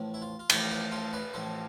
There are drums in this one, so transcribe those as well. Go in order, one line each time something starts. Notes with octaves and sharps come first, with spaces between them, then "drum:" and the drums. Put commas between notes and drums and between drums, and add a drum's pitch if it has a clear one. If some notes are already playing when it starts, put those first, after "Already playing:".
Already playing: A1 A2 F3
E4
F4
F4
A1 A2 F3 E4, drum: cymbal
B4 D5
F4 A4
B4 D5
A1 A2 F3 A4 C5